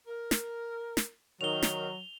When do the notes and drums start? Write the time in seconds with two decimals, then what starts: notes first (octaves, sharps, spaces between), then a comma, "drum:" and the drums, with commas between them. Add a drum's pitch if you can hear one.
0.07 A#4
0.31 drum: snare
0.97 drum: snare
1.41 D#3 F#3 F7 G7
1.63 drum: snare